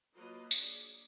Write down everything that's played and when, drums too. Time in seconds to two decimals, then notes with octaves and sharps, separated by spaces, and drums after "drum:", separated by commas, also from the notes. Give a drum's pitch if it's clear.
0.15 F#3 A#3 F4 B4 D#5
0.51 A#3 D4 G#4 D5, drum: tambourine